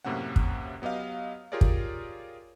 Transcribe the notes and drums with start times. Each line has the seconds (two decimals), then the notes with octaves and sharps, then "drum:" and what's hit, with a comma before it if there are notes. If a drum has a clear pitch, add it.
0.05 F#2 A2 C3 A#3 C#4 F#5
0.36 drum: kick
0.82 F#3 B3 G4 D#5 F5
1.52 F4 G4 G#4 A#4 C#5 D5
1.61 drum: kick